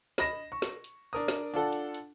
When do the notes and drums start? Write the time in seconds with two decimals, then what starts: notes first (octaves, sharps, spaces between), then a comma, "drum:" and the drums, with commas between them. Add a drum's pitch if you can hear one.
0.18 D#5 B5 A#6 E7, drum: snare
0.52 C#6
0.62 drum: snare
0.84 drum: hi-hat
1.13 D4 A#4 D#6
1.28 drum: snare
1.54 D4 F4 A4 F#5
1.72 drum: hi-hat
1.94 drum: hi-hat